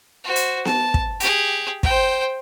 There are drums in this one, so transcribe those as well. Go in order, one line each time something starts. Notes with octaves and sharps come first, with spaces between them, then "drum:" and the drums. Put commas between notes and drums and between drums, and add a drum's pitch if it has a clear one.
F#4 C5
drum: hi-hat
A5, drum: snare B3
drum: kick
G4 G#4, drum: hi-hat
C5 G5, drum: kick